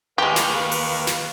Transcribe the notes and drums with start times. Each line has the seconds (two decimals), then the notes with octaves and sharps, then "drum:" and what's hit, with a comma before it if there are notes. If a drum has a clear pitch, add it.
0.18 D#2 G#3 G4 B4 F5
0.36 drum: snare
0.72 drum: open hi-hat
1.07 drum: snare